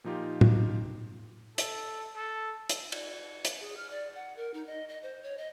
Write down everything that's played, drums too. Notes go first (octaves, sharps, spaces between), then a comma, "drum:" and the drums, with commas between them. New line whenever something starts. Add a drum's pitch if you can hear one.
A#2 F3 D#4 F4 G4
drum: tom
A4, drum: hi-hat
A4
drum: hi-hat
drum: cymbal
drum: hi-hat
G#4
F6
D5
F#5
A#4
D#4
D#5
D#5
C5
C#5
D#5